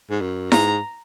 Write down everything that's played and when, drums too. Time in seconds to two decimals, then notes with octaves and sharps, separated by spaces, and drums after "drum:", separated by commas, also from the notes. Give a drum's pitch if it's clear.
0.10 G#2
0.21 F#2
0.52 G#2 A#5, drum: snare E4